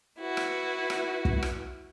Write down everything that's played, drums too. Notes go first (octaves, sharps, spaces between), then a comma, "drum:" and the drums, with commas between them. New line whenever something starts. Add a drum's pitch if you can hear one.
E4 F#4 B4
drum: rim click
drum: rim click
drum: kick
drum: rim click